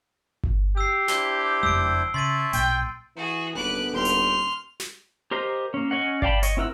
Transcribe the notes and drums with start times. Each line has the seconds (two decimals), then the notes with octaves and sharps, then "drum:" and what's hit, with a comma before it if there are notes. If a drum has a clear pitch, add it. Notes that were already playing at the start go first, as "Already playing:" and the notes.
0.43 drum: kick G1
0.77 G4 E6 C7
1.08 D4 E4 C5 G6 G7, drum: snare
1.63 F#1 F2 G#3 E6 D7
2.14 C#3 C#5 E5 A5 C6 A6 D#7
2.53 B1 A#2 G5, drum: hi-hat
3.16 E3 F#4 G#4
3.55 D#1 F#2 D3 B3 B4 D6 F#6
3.94 D#1 G4 C6 F6
4.05 drum: hi-hat
4.80 drum: snare
5.31 G4 A#4 C5 D#5 A#5
5.74 A#3 C#4
5.91 C#4 C#5 D#5 F#5
6.22 D5 F5 G5 A5 B5, drum: kick G1
6.43 C#5 D#5, drum: hi-hat
6.57 C4 E4 A#4 F#5 E6